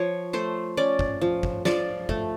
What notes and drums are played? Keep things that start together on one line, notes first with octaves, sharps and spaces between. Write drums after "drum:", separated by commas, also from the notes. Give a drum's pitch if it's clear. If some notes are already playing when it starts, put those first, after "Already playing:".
Already playing: F3 C#5
A3 C5
C#4 D5
drum: kick
F3
drum: kick
F3 D5, drum: snare
A3, drum: kick